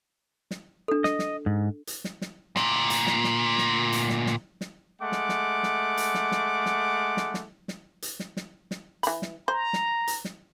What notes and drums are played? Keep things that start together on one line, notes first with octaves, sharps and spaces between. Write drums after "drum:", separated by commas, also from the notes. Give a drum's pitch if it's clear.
drum: snare
D4 A4
D#5, drum: snare
drum: snare
G#2
drum: hi-hat
drum: snare
drum: snare
D2 A#2, drum: snare
drum: hi-hat
drum: snare
drum: snare
drum: snare
drum: hi-hat
drum: snare
drum: snare
drum: snare
G#3 A3 F#5 D6
drum: snare
drum: snare
drum: snare
drum: hi-hat
drum: snare
drum: snare
drum: snare
drum: snare
drum: snare
drum: snare
drum: hi-hat
drum: snare
drum: snare
drum: snare
E3 B5, drum: hi-hat
drum: snare
C5 A#5
drum: snare
drum: hi-hat
drum: snare